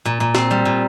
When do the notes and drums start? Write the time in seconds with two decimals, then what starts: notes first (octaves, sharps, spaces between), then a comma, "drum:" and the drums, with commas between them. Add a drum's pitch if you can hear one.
0.05 A#2
0.20 A#2
0.35 C4, drum: snare
0.51 G3
0.65 A#2